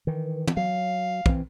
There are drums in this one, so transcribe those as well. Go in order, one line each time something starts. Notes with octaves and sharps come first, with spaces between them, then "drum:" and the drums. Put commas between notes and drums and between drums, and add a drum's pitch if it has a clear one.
D#3 E3
drum: tom
F#3 F5
E3 C4, drum: kick